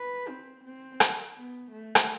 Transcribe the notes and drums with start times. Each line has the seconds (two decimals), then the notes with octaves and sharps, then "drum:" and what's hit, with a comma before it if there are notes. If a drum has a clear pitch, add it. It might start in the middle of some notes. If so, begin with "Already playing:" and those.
Already playing: B4
0.29 C4
0.64 C4
1.00 drum: rim click
1.36 B3
1.72 A3
1.95 drum: rim click